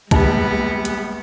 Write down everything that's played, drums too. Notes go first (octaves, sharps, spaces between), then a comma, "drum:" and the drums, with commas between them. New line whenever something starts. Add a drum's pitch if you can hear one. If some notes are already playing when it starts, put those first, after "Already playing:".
A#1 G3 G#3 B3, drum: kick C#2, hi-hat
drum: hi-hat